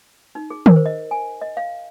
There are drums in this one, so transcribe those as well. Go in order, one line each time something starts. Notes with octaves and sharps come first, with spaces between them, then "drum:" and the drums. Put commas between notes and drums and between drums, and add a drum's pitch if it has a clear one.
D#4
G#4
A#4, drum: tom D#3
C5
D#5
G#5
D#5
F5